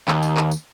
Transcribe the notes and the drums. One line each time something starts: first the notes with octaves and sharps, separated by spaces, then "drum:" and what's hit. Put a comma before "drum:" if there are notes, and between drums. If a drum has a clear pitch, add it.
D#2, drum: clap
drum: tambourine
drum: clap
drum: tambourine